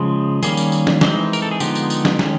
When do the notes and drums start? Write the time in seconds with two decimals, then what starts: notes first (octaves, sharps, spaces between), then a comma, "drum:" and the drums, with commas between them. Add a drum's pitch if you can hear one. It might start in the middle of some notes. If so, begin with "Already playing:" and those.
Already playing: C#3 F3 G#3
0.43 D#3 G3 A#3 C#4 G#4, drum: tambourine
0.57 drum: tambourine
0.72 drum: tambourine
0.87 drum: snare
1.01 E3 G#3 C4 D#4, drum: snare
1.33 A#4, drum: tambourine
1.42 A4
1.51 G#4
1.60 D3 F3 G#3 B3 D#4 G4, drum: tambourine
1.75 drum: tambourine
1.90 drum: tambourine
2.05 drum: snare
2.19 D#3 G#3 C#4, drum: snare